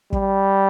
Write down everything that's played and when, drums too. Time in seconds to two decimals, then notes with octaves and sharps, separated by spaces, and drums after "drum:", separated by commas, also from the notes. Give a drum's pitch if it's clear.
0.13 G3, drum: kick